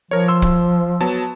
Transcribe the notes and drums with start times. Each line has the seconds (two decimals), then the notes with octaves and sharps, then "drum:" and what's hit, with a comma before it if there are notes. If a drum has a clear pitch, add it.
0.11 F3 A#4 C#5
0.28 C6 E6
0.42 drum: kick
1.01 F#3 B3 A5